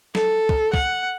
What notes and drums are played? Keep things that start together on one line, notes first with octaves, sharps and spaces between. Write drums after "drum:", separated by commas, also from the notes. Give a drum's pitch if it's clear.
A4, drum: snare
drum: kick
F#5, drum: kick